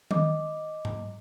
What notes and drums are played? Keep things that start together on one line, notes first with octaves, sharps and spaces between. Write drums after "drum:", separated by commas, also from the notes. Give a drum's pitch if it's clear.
D#5 D6, drum: tom D#3
drum: tom G#2